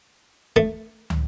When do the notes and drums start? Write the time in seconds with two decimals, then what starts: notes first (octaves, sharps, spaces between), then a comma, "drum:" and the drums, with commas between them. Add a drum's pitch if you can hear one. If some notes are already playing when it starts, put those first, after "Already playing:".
0.56 A3
1.10 drum: tom